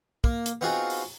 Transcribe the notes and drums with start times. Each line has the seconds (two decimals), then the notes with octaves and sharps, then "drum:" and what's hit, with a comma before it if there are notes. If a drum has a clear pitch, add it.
0.24 A#3, drum: kick
0.46 drum: hi-hat
0.61 B3 C4 D#4 F4 F#4 G#4
0.90 drum: open hi-hat